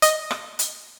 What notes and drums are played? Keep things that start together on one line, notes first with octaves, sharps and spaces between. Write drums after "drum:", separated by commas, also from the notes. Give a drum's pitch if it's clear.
D#5, drum: hi-hat
drum: rim click
drum: hi-hat